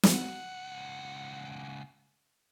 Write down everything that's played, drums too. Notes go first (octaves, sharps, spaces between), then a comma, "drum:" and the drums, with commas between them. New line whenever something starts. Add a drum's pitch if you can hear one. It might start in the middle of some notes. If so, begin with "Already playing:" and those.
drum: snare
C#2 F#5